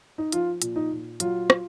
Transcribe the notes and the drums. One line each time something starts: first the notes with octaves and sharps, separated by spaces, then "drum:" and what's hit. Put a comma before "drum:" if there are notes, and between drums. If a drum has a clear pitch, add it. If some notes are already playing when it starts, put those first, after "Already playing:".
D#4
F3 F4, drum: hi-hat
A#2, drum: hi-hat
D#4
A#2
F#3 F4, drum: hi-hat
drum: rim click